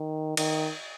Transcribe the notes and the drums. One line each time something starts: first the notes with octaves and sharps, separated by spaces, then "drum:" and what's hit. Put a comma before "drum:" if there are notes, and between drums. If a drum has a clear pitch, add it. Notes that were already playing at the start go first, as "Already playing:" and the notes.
Already playing: D#3
D#3, drum: cymbal